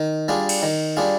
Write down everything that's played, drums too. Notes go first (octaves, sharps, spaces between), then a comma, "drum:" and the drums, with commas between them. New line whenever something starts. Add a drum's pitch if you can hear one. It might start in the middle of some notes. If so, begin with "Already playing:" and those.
Already playing: D#3
G3 D4 F4 G#4
drum: cymbal
D#3
G3 D4 F4 G#4